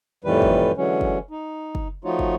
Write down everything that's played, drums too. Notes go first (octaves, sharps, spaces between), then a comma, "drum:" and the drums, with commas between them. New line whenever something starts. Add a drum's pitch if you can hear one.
F2 A2 D#3 E3 G3 B4
drum: kick
D3 E3 F#3 G#3 C#4
drum: kick
D#4
drum: kick
F3 A3 D#4 F4 F#4 C#5
drum: kick